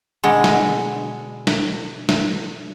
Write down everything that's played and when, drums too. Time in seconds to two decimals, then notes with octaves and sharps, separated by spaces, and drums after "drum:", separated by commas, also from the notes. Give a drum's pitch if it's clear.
0.24 B2 D3 G#3
0.44 drum: snare
1.47 drum: snare
2.09 drum: snare